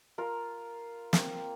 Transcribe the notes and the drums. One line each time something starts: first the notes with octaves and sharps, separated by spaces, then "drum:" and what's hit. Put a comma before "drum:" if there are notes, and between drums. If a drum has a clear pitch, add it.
F4 A#4
A#3 C4, drum: snare